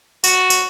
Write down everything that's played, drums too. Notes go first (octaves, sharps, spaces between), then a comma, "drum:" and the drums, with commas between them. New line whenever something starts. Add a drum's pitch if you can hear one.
F#4, drum: tambourine
drum: tambourine